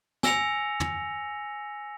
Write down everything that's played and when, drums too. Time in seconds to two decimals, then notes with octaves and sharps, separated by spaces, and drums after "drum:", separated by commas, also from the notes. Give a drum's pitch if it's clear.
0.23 G#5 E6 A#6 C#7 F7, drum: snare
0.80 drum: tom